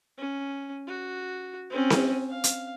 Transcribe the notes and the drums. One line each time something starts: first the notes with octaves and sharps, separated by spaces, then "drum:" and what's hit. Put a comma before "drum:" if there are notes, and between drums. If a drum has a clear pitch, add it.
C#4
F#4
C4 C#4
drum: snare C4
F5
drum: hi-hat